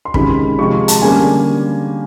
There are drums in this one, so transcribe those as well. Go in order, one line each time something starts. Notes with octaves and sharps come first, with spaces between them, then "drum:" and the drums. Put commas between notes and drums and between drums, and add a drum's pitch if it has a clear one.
C6
C3 D#3 G#3 C#4 B5, drum: kick
C3 F3 G#3 C4 C#6
C6
A5, drum: hi-hat
D3 G3 A#3 C#4 G#5